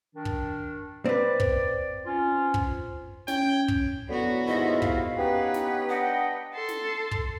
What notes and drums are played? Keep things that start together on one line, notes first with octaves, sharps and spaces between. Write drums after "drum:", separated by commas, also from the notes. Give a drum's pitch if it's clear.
D#3 D4
drum: kick
C4 B4 D5
drum: kick
C#4 F4
drum: kick
C#4 G5 G#6, drum: snare
drum: kick
A2 D3 F#3 B3 F#4
D#2 G#2 E4 F4 D#5
F5, drum: kick
B3 C#4 D#4 G4 B4 F#5
drum: snare
D4 D#5 F#5 G5
A4 C6
drum: snare
drum: kick